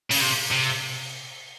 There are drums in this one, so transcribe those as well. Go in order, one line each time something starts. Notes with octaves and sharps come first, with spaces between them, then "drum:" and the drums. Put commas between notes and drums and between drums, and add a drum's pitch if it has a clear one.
C#3, drum: open hi-hat
C3
C3